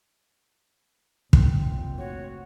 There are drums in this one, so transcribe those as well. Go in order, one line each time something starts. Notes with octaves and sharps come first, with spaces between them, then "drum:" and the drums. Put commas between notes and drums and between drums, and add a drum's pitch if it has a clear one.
F1 A#1 C4, drum: kick
F#4 C#5